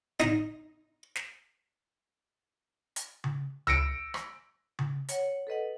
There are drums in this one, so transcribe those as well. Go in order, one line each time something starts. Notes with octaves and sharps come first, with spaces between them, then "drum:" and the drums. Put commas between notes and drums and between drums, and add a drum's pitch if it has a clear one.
D#4, drum: snare
drum: snare
drum: hi-hat
drum: tom C#3
E6 A#6 C#7 D7, drum: tom C#2
drum: rim click
drum: tom C#3
C#5 F#5, drum: hi-hat
A4 B4 D#5 F#5